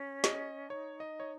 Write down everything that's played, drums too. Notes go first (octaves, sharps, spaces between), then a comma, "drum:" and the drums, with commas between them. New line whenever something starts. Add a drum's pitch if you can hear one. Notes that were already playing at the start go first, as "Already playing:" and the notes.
Already playing: C#4
D#5, drum: snare
D#4 C#5
D#5
C#5